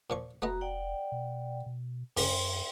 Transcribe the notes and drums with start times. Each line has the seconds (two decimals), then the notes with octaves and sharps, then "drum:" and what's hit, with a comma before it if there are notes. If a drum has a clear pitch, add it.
0.10 A#2 F3 C#6
0.42 F1 A3 B3 F#4 D#5 A#5
0.61 D5 F#5 G5
1.12 B2
1.66 B2
2.17 C#2 F#2 A2 C6, drum: open hi-hat